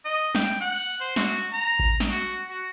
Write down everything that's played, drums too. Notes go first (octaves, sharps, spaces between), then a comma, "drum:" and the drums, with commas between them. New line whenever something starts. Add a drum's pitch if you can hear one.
D#5
G5, drum: snare
F#5
drum: cymbal
C5
F#4, drum: snare
A#5
drum: kick A1
drum: snare
F#4
F#4